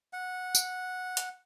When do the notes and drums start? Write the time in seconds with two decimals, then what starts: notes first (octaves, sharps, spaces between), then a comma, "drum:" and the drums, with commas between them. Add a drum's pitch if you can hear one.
0.13 F#5
0.55 drum: tambourine
1.17 drum: hi-hat